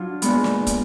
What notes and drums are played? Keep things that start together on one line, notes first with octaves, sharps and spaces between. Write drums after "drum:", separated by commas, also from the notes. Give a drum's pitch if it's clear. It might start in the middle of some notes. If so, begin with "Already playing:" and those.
Already playing: F#3 D4 F4
A#2 G#3 B3, drum: hi-hat
drum: snare
drum: kick, hi-hat